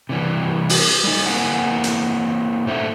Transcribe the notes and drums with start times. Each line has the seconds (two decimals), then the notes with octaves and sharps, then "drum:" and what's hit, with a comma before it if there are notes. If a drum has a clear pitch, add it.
0.09 C3 E3 G3
0.69 drum: open hi-hat
1.04 G3 D#4
1.26 A#3 C4 E4 F#5 G#5
1.84 drum: hi-hat
2.66 A#2 A3 C5 E5